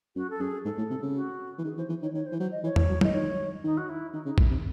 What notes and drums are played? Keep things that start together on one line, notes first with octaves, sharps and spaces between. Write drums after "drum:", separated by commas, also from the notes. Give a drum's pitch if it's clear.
F#2 F#4
A4
F#2 G#4
G#2 A4
A2
C3
C#3
F#4
E3
D#3 G#4
E3 C5
E3
D#3 C#5
D#3 C#5
C5
E3
F#3 C5
D#5
E3 C#5
E3, drum: tom E2
F#3
E3 D#5, drum: tom
D#3 C#5
D#3 D#4
F#4
E4
D#3 D#4
C#3 D#4
A2 E4, drum: kick
C3 D#4